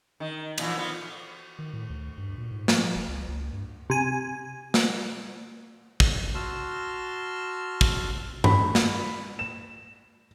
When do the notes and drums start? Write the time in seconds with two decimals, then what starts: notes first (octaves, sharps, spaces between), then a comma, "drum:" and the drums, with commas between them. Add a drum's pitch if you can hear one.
0.20 D#3
0.58 A#2 E3 F3, drum: cymbal
0.77 B3 F4
1.59 D#3
1.73 A2
1.90 D2
2.18 G2
2.38 A#2
2.51 G#2
2.68 F3, drum: snare
2.95 F#1
3.08 C#2
3.28 C#2
3.53 G2
3.90 C3 G#5
4.74 drum: snare
6.00 drum: kick
6.35 F#4 A5 C6 E6 F6
7.81 drum: kick
8.44 B5, drum: tom G2
8.75 drum: snare
9.39 E7